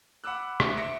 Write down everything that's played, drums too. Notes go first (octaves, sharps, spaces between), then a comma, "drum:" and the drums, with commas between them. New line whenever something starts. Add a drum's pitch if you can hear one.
F#5 B5 D6 E6 F#6
D2, drum: rim click
E5 C6 A#6 C#7 D7